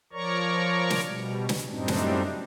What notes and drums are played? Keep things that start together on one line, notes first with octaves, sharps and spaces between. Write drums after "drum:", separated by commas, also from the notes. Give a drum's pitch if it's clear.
F3 A#4 C#5 D5 A#5 C#6
drum: snare
B2 G3
drum: snare
F#2 A2 G3 C4 D4 D#4
drum: snare